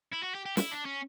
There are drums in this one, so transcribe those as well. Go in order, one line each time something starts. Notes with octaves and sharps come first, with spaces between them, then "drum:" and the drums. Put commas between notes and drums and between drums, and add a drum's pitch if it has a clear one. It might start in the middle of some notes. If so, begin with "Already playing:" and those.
E4
F#4
G4
G4
E4, drum: snare
D4
C#4